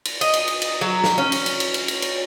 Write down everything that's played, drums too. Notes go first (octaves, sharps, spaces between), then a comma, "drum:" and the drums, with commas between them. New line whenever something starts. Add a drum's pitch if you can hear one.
drum: cymbal
D#5, drum: cymbal
drum: cymbal
drum: cymbal
drum: cymbal
F#3
drum: snare
C#4
drum: cymbal
drum: cymbal
drum: cymbal
drum: cymbal
drum: cymbal
drum: cymbal